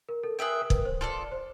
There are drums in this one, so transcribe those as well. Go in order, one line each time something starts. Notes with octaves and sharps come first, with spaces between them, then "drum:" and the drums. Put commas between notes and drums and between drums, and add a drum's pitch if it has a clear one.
A#4
A4
G#4 A#4 B4 E5 G5
A#4
B4, drum: kick
C5
F4 A4 D5
C5